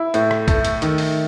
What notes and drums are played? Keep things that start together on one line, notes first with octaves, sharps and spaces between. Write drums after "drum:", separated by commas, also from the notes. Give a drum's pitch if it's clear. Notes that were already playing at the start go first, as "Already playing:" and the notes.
Already playing: E4
A2, drum: hi-hat
drum: rim click
A3, drum: kick, hi-hat
drum: hi-hat
D#3, drum: hi-hat
drum: open hi-hat